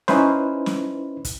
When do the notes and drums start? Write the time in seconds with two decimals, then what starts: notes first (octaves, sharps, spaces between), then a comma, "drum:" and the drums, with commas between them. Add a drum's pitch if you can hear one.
0.08 C#4 D#4 E4 B4 C5, drum: snare
0.66 drum: snare
1.25 drum: kick, hi-hat